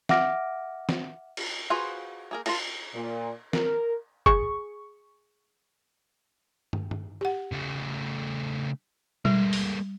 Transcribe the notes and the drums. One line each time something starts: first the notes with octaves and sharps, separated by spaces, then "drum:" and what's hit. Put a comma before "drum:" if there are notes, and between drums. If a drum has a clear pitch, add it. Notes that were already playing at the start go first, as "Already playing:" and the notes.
E5 F#5 D6 F6 A#6 D7, drum: snare
drum: snare
drum: cymbal
F4 F#4 G#4 B4 C5
A#3 G#4 A#4
F4 A#4 A5 A#5, drum: cymbal
A#2
A#4, drum: snare
G#4 C#6, drum: kick
drum: tom
drum: tom
G4 F#5
C#3 A3
G3 G#3 A#3, drum: tom B2
drum: open hi-hat